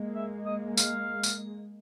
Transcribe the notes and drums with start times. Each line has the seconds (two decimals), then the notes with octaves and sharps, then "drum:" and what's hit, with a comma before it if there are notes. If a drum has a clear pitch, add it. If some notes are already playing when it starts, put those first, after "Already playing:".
Already playing: G#3 A#3
0.15 E5
0.45 D#5
0.77 F5, drum: tambourine
1.23 drum: tambourine